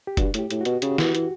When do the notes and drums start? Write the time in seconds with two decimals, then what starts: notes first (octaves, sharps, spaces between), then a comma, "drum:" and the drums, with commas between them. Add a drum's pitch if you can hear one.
0.07 G4
0.17 G2 F#4, drum: kick, hi-hat
0.34 A2 G4, drum: hi-hat
0.51 A2, drum: hi-hat
0.61 F#4
0.65 B2, drum: hi-hat
0.82 C#3 G4, drum: hi-hat
0.98 E3, drum: snare
1.04 F#4
1.15 E3, drum: hi-hat